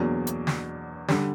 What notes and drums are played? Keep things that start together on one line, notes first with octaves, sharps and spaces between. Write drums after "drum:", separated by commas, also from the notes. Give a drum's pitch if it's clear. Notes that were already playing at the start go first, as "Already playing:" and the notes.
Already playing: E2 B2 F#3 A#3 D4
drum: hi-hat
drum: snare
D3 G3, drum: snare